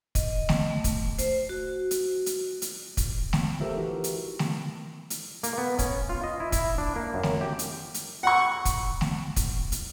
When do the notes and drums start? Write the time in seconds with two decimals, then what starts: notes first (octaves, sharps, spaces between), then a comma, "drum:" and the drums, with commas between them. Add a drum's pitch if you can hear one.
0.15 D#5, drum: kick, hi-hat
0.49 drum: snare A3
0.70 A3
0.84 drum: kick, hi-hat
1.18 C5, drum: hi-hat
1.49 F#4
1.91 drum: hi-hat
2.26 drum: hi-hat
2.62 drum: hi-hat
2.97 drum: kick, hi-hat
3.33 drum: snare A3
3.60 F4 G4 A4 A#4 C5 E5
3.77 E3 D#4 F#4 G4 A#4
4.04 drum: hi-hat
4.39 drum: snare A3
5.10 drum: hi-hat
5.43 A#3, drum: hi-hat
5.58 B3
5.79 C#4, drum: kick, hi-hat
6.09 F4
6.24 D#5
6.40 E4
6.52 E4, drum: kick, hi-hat
6.78 D4
6.96 A#3
7.14 F#2
7.23 drum: snare A3
7.41 G4
7.59 drum: hi-hat
7.94 drum: hi-hat
8.23 F#5 C#6
8.65 drum: kick, hi-hat
9.01 drum: snare A3
9.36 drum: kick, hi-hat
9.72 drum: hi-hat